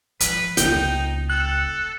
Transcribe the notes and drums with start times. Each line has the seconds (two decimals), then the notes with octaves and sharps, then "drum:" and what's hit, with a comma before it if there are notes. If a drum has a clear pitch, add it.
0.20 F3 B4, drum: hi-hat
0.57 D#1 C#2 D#4 G5, drum: hi-hat
1.30 A4 F#6